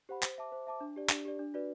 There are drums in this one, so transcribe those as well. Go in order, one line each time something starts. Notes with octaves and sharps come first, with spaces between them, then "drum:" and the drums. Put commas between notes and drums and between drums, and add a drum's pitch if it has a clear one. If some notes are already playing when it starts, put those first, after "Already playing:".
G4 C5 F#5 B5
C5, drum: clap
E5 A5 D6
C5
E5 A5 D6
D4
G4 D5
D4, drum: clap
G4 D5
D4
F#4 B4 D5